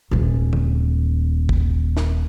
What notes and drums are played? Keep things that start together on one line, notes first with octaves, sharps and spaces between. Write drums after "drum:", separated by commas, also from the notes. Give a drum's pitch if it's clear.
D#1 G#3
drum: tom D3
drum: kick
drum: snare